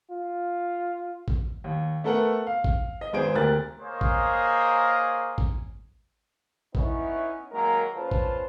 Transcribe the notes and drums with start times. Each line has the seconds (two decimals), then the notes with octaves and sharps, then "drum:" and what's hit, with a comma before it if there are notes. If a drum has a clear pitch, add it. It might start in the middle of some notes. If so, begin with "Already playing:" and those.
0.10 F4
1.28 drum: kick
1.64 D#2
2.04 A3 B3 A4 A#4 F#5
2.47 F5
2.64 drum: kick
3.01 D#5
3.13 G#1 B3 G#4 C5 D7
3.34 D2 G4 A#4 F#6 A6
3.80 A#3 G#4 A#4 C5 C#5 D#5
4.01 drum: kick
5.38 drum: kick
6.75 B3 C#4 D#4 E4 B4 C#5, drum: kick
7.52 D#3 F#3 G#3 A#3 A#4 A#5
7.94 C#3 F4 B4 C5 A5
8.11 drum: kick